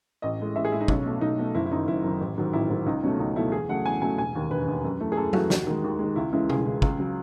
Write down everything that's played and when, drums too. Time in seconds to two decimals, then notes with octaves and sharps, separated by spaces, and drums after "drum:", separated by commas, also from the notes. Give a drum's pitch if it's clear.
0.22 A1 D#5
0.39 A2 G#3
0.56 A1 E5
0.65 G#4
0.72 A2 G#3 E4
0.80 D#4
0.88 B1 C#4, drum: kick
1.06 B2 A3
1.21 B1 D#4
1.38 B2 A3
1.55 F#1 E4
1.66 E4
1.72 F#2 D#3 D#4
1.88 F#1 E4
2.04 F#2 D#3
2.21 A1
2.38 G#2 D#3 F#3
2.53 A1 E4
2.70 G#2 D#3 F#3
2.86 C#2 D#4
3.03 B2 F#3 A3 C#4
3.19 C#2 D#4
3.36 B2 F#3 A3 E4
3.52 E2 G#4
3.69 C#3 F#3 A3 F#5
3.85 E2 G#5
4.01 C#3 F#3 A3 G#5
4.18 E1 G#5
4.35 D#2 D#3
4.51 E1 B4
4.68 D#2 D#3
4.85 F#2
5.00 E3 A3
5.12 G#4
5.17 F#2 A4
5.33 E3 A3 F#4, drum: tom F#3
5.50 D#2 F#4, drum: snare
5.67 D#3 G#3
5.84 D#2
5.99 D#3 G#3
6.16 C#2 E4
6.33 C#3 E3 G#3 E4
6.50 C#2 G#4, drum: tom
6.66 C#3 E3 G#3
6.82 C#2, drum: kick
6.98 C#3 F#3